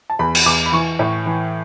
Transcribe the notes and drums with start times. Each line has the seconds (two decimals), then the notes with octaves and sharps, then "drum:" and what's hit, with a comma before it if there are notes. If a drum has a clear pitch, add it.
0.10 A5
0.19 E2 B5
0.35 drum: cymbal
0.46 E2 D6
0.66 B5
0.72 E3 C#6
0.99 A2
1.26 E3